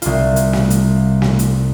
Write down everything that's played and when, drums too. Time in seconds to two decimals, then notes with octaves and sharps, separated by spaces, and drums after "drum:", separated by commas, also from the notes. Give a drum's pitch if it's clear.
0.02 C2 F4, drum: hi-hat
0.36 drum: hi-hat
0.53 drum: snare
0.70 drum: hi-hat
1.22 drum: snare
1.39 drum: hi-hat